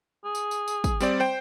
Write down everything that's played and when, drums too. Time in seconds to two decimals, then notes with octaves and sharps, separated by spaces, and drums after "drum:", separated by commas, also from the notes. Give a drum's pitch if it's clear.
0.25 G#4
0.35 drum: tambourine
0.51 drum: tambourine
0.68 drum: tambourine
0.84 drum: kick, tambourine
1.00 G3 C4 D5, drum: tambourine
1.20 C5 G5